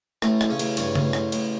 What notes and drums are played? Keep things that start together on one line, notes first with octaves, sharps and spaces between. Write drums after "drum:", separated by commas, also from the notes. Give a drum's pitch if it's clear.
A1 A2 A3, drum: rim click
A1, drum: rim click
C#3 C#4
A1, drum: cymbal
G2 C#3 C#4, drum: cymbal
A1, drum: tom C#3
A1, drum: rim click
A1, drum: cymbal